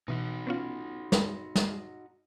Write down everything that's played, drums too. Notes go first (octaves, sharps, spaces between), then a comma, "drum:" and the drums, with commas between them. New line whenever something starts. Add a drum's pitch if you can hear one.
B2 E3 D#4 F#4
B3 C#4 F4
drum: snare
drum: snare